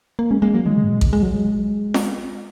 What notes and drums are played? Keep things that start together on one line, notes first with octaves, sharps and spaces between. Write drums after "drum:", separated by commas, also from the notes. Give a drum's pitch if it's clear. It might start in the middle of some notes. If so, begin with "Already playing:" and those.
A#3
G#3 C#4
G#3 A#3
F#3 A#3
D#3 G#3
C#3
G#2
A#2
C#3, drum: kick A1
G#3
F#3
G#3
drum: snare